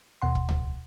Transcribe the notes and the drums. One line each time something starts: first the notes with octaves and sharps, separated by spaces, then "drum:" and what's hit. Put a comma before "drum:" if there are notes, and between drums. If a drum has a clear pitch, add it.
D#2 B2 F#5 C6
drum: kick E1
drum: tom C#2